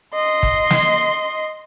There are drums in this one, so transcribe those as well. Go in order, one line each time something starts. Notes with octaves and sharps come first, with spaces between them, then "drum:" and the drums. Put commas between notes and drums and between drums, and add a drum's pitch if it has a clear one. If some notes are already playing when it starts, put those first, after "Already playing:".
D#5 C6
drum: kick
drum: snare